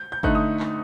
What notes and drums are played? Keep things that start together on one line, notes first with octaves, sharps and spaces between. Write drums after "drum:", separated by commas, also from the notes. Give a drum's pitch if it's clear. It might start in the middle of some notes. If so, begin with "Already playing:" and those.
Already playing: G6
G6
D3 A3 D#4 F#6, drum: kick G1
D#6
drum: clap